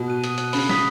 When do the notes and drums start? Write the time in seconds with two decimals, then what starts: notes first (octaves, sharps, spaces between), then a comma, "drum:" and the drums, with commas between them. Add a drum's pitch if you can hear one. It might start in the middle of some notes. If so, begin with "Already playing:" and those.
Already playing: B2
0.08 F#6 D#7
0.24 D#6, drum: hi-hat
0.38 F#6, drum: hi-hat
0.43 D#7
0.53 C#3 B5, drum: open hi-hat
0.69 D#6 B6, drum: snare